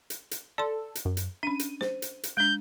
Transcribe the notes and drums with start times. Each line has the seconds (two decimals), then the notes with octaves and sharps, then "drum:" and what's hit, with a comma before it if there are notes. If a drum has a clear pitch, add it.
0.10 drum: hi-hat
0.31 drum: hi-hat
0.58 A4 D5 C6
0.95 drum: hi-hat
1.05 F#2
1.17 drum: hi-hat
1.43 C#4 D4 D#7
1.59 drum: hi-hat
1.81 C5, drum: snare
2.02 drum: hi-hat
2.23 drum: hi-hat
2.37 G#3 D4 G6